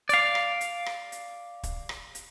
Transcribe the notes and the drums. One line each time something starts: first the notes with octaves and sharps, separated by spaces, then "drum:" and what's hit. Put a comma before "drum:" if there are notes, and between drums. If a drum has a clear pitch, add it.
D5 F5, drum: hi-hat
drum: rim click
drum: hi-hat
drum: rim click
drum: hi-hat
drum: kick, hi-hat
drum: rim click
drum: hi-hat